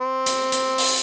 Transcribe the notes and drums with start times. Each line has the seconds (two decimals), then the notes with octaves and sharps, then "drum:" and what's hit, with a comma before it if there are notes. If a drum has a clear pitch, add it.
0.01 C4
0.26 drum: hi-hat
0.52 drum: hi-hat
0.78 drum: open hi-hat